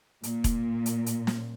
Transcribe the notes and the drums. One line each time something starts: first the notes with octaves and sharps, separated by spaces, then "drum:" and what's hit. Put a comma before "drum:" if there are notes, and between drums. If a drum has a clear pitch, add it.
A#2, drum: hi-hat
drum: kick E1, hi-hat
drum: hi-hat
drum: hi-hat
drum: snare